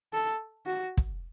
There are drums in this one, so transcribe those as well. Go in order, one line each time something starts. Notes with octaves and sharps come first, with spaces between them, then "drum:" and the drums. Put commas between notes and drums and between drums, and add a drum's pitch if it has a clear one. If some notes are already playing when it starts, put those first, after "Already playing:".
A4
F#4
drum: kick